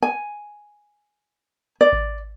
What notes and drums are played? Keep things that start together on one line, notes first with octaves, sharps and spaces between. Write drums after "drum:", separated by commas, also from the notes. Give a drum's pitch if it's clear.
G#5
D5
drum: kick G#1